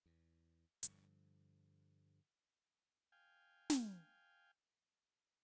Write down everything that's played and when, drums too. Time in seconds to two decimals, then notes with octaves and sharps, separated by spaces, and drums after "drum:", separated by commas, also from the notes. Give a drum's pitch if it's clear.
0.06 E2
0.83 G2 D3 F3, drum: hi-hat
3.12 F5 G5 G#5
3.70 drum: snare